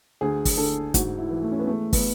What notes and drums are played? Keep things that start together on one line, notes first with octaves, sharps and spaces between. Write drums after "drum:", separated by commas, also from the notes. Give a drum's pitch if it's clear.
D2 G#4
drum: kick, open hi-hat
D3 A4
G#2 F#4, drum: kick, hi-hat
E4
E3
A3
C#4
B3
G#3 A3
B3, drum: kick, open hi-hat